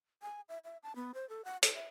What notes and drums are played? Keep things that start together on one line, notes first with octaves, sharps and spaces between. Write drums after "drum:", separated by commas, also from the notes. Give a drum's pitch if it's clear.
G#5
E5
E5
A5
B3
C5
A4
F#5
A4, drum: hi-hat
E5